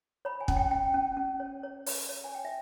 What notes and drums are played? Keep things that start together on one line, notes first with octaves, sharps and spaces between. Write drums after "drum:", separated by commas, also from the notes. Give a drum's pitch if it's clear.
C#5 B5
G#5
C#4, drum: kick
G5
C#4 G5
C#4
C#4
C#5
C#5
C#5, drum: open hi-hat
C#5
G#5
C#5 G5
E5